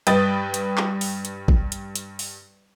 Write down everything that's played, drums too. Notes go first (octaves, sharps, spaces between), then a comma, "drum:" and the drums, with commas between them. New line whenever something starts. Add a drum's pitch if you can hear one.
G2 B4 G5 D#6 A6, drum: hi-hat
drum: hi-hat
drum: clap
drum: open hi-hat
drum: hi-hat
drum: kick A1
drum: hi-hat
drum: hi-hat
drum: open hi-hat